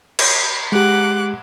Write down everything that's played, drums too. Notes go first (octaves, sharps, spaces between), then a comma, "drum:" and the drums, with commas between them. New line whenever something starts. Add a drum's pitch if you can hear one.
drum: cymbal
G#3 G4 F#5 D6 F#6